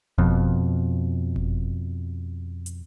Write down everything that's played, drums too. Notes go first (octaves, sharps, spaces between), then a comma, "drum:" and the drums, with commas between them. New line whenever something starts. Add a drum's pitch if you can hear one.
F2 B2, drum: kick F#1
drum: kick F#1
drum: hi-hat